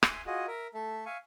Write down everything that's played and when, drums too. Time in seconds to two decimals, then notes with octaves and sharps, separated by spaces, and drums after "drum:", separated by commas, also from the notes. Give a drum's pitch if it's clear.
0.03 E5 G#5 C6, drum: rim click
0.26 F4 F#4 G#4 D#5
0.47 A#4 E5
0.74 A3 A4 E5
1.06 E5 F5 G#5 C#6